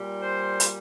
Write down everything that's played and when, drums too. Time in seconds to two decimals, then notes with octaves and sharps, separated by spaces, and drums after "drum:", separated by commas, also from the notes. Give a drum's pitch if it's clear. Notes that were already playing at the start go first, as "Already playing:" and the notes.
Already playing: A#2 G3
0.18 C5
0.60 drum: hi-hat